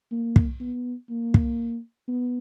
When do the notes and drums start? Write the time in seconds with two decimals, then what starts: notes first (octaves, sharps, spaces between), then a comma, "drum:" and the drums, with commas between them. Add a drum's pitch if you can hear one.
0.12 A#3
0.36 drum: kick
0.60 B3
1.10 A#3
1.34 drum: kick
2.08 B3